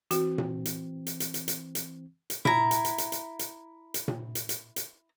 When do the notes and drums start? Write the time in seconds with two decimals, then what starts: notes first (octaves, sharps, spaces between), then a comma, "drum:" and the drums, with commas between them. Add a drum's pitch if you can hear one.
0.11 E3 C4 F#4, drum: hi-hat
0.38 drum: tom A#2
0.65 drum: hi-hat
1.07 drum: hi-hat
1.20 drum: hi-hat
1.34 drum: hi-hat
1.48 drum: hi-hat
1.75 drum: hi-hat
2.30 drum: hi-hat
2.45 E4 A#5, drum: tom A#2
2.71 drum: hi-hat
2.85 drum: hi-hat
2.98 drum: hi-hat
3.12 drum: hi-hat
3.39 drum: hi-hat
3.94 drum: hi-hat
4.08 drum: tom A#2
4.35 drum: hi-hat
4.49 drum: hi-hat
4.76 drum: hi-hat